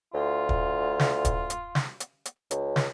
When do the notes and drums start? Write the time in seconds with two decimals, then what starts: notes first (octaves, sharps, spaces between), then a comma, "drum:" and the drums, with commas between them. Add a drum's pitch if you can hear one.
0.14 D2 F4
0.49 drum: kick
0.99 drum: snare
1.25 drum: kick, hi-hat
1.50 drum: hi-hat
1.75 drum: snare
2.00 drum: hi-hat
2.25 drum: hi-hat
2.51 C#2, drum: hi-hat
2.76 drum: snare